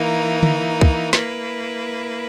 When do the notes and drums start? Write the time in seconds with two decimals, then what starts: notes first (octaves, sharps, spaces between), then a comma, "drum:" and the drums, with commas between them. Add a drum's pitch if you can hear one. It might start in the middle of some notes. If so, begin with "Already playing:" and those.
Already playing: E3 A#3 D#4
0.43 drum: tom D3
0.81 drum: kick
1.13 A#3 E4 B4, drum: snare